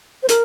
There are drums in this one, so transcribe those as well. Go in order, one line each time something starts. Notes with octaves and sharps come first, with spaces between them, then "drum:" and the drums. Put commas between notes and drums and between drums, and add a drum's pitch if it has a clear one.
C5
A#4, drum: hi-hat